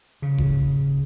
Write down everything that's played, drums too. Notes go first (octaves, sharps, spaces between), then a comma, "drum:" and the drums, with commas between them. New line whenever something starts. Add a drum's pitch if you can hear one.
C#3
drum: kick F1